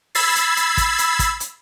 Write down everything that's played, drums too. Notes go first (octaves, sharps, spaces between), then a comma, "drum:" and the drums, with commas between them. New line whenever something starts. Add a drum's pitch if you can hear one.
B5 E6 G#6 A6 C7, drum: open hi-hat
drum: hi-hat
drum: hi-hat
drum: kick, hi-hat
drum: hi-hat
drum: kick, hi-hat
drum: hi-hat